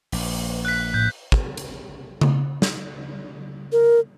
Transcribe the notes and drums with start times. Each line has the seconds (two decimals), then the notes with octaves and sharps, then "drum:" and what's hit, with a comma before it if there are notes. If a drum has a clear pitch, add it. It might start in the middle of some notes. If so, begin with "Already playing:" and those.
0.12 A#1, drum: open hi-hat
0.65 F#6 B6
0.94 A2 G6
1.32 drum: kick
1.57 drum: hi-hat
2.21 drum: tom C#3
2.62 drum: snare
3.72 A#4